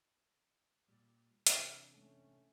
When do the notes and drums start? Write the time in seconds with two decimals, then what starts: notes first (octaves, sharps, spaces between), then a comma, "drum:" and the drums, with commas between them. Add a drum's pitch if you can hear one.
0.88 A#2 G3
1.47 C3 E3 D4, drum: hi-hat
1.94 A3 C#4